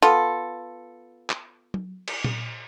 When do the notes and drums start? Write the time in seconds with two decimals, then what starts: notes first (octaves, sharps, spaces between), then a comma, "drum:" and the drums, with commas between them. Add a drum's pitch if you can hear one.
0.02 B3 F4 A4, drum: hi-hat
1.30 drum: clap
1.74 drum: tom F#3
2.08 drum: cymbal
2.24 drum: tom A#2